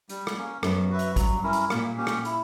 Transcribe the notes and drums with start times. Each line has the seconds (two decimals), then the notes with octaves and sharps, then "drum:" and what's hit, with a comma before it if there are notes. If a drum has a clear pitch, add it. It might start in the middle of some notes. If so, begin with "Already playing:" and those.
0.09 G3, drum: hi-hat
0.27 drum: rim click
0.36 A#3 C#4
0.63 F#2 B3, drum: rim click
0.90 F#4 B4 E5
0.99 drum: hi-hat
1.16 G2 F#3, drum: kick, hi-hat
1.43 C#4 E4 A#4
1.53 drum: hi-hat
1.70 A#2 A#3, drum: rim click
1.97 C#4 G4
2.07 drum: rim click
2.25 E4, drum: hi-hat